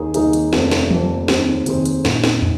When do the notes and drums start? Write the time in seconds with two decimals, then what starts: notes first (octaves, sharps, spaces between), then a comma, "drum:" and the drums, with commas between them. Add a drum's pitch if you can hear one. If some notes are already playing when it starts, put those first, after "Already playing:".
Already playing: D#2 D#3 A#3 D#4 G#4
0.14 D#2 D#3 A#3 D#4 G#4, drum: hi-hat
0.33 drum: hi-hat
0.53 F1 F2 F3 A#3, drum: snare
0.71 drum: snare
0.91 F1 F2 F3 A#3, drum: tom E3
1.28 D#2 D#3 C4 G#4 C5, drum: snare
1.66 D#2 D#3 C4 G#4 C5, drum: hi-hat
1.86 drum: hi-hat
2.05 A#1 A#2 A#3 D#4, drum: snare
2.24 drum: snare
2.42 D#4, drum: tom